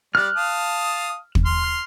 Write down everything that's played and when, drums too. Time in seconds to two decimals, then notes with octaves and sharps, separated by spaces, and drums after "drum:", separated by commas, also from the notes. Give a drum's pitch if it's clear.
0.15 G3 D5 F6 F#6
0.36 F5 A5 D#6
1.35 drum: kick
1.45 C6 F6